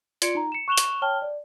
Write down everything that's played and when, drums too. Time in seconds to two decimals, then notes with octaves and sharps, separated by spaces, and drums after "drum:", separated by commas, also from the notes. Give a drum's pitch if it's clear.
0.22 F4 D5 C6 G#6 C#7 D7, drum: hi-hat
0.35 D#4 A#5
0.52 C#7 E7
0.68 C#6 F#6 E7 F7 G7
0.77 drum: hi-hat
1.02 C#5 G5 A5 F6 G7
1.22 D5